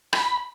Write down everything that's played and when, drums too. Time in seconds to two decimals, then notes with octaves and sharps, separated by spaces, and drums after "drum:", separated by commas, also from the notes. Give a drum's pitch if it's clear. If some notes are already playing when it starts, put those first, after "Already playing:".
0.13 B5, drum: rim click